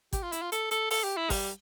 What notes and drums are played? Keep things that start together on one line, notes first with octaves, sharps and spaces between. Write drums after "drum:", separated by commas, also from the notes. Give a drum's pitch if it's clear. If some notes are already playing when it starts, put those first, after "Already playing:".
G4, drum: kick G#1, hi-hat
F4
E4, drum: hi-hat
F4
A4, drum: hi-hat
A4, drum: hi-hat
A4, drum: open hi-hat
G4
E4
G3, drum: kick G#1, open hi-hat